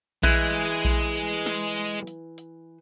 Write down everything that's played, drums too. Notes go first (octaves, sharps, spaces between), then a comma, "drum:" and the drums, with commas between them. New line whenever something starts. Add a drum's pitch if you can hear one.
E3 G#3, drum: kick A#1, hi-hat
drum: hi-hat
drum: kick A#1, hi-hat
drum: hi-hat
drum: snare
drum: hi-hat
drum: hi-hat
drum: hi-hat